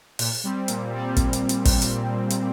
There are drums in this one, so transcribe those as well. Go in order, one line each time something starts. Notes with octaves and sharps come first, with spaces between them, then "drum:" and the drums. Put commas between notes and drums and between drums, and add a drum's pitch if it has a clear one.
A#2, drum: open hi-hat
G3 C4
A#2, drum: hi-hat
G3 C4
A#2, drum: kick, hi-hat
drum: hi-hat
drum: hi-hat
drum: kick, open hi-hat
drum: hi-hat
drum: hi-hat